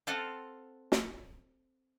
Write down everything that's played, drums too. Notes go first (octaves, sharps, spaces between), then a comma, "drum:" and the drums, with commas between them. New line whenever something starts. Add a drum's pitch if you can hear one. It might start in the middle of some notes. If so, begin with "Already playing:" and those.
C4 F4 A4 F5 F#5
drum: snare